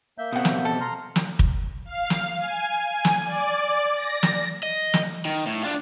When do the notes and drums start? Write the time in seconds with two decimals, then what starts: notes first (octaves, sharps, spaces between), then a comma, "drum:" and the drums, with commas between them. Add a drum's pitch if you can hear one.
0.18 A#3 E5 G6
0.33 B2 C4 F#5 D#6
0.45 drum: snare
0.65 A4
0.81 A#5 C6 F6
1.16 drum: snare
1.39 drum: kick
1.85 F5
2.10 drum: snare
2.39 G#5
2.81 G#5
3.05 drum: snare
3.25 D5
3.95 A#6
4.23 drum: snare
4.63 D#5
4.94 drum: snare
5.25 D#3
5.47 A2
5.63 D4 F4